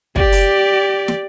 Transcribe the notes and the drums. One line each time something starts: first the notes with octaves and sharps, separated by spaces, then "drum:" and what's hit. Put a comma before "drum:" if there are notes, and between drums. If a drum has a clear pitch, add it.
G4 D5, drum: kick
drum: open hi-hat
drum: snare